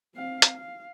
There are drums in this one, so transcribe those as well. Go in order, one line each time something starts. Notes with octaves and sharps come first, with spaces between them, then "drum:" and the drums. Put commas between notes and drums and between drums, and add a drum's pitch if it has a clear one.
C4 F5
drum: hi-hat
F5